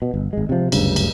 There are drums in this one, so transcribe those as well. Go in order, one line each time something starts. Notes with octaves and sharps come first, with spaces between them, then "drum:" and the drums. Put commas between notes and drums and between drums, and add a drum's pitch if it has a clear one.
B2
G1
G#1 G#3
C3 F3
F#1 D2 G2 C#3, drum: cymbal
drum: cymbal